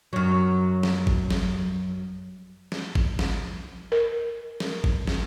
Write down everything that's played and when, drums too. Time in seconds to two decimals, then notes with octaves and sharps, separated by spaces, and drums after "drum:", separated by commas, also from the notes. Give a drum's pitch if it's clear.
0.13 F#2 F#3
0.83 drum: snare
1.07 drum: kick G#1
1.30 drum: snare
2.72 drum: snare
2.95 drum: kick G#1
3.19 drum: snare
3.92 A#4
4.60 drum: snare
4.84 drum: kick G#1
5.07 drum: snare